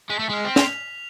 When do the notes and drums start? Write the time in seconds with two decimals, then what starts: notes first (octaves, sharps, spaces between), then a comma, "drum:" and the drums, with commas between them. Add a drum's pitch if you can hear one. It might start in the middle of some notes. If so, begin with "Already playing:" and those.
0.10 G#3 B6
0.19 A3
0.30 G#3 F6
0.45 C4
0.56 F7, drum: snare